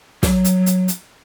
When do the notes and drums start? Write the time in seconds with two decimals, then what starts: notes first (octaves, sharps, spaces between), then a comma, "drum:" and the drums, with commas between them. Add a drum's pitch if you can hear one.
0.23 F#3, drum: snare
0.44 drum: hi-hat
0.66 drum: hi-hat
0.88 drum: hi-hat